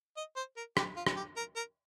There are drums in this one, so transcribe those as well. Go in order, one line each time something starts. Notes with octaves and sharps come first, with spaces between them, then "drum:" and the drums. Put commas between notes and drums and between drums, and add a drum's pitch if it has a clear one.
D#5
C5
A#4
G4, drum: rim click
F4
drum: rim click
G4
A#4
A#4